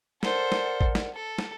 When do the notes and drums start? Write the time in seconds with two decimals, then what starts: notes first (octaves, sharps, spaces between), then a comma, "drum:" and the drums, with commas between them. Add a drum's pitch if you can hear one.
0.23 A4 A#4 C5 D5 F#5, drum: snare
0.52 drum: snare
0.81 drum: kick A1
0.95 drum: snare
1.14 A4
1.38 drum: snare